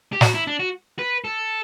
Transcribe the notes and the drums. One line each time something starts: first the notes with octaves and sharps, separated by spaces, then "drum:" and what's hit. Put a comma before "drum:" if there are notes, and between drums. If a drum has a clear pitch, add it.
G4
F#4, drum: snare
E4
D4
F#4
B4
A4